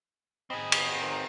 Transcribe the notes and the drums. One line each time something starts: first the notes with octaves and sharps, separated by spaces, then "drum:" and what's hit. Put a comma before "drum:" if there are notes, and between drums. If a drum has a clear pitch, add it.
C4 G#4 D#5 B5
drum: cymbal
D#4 A#4 C5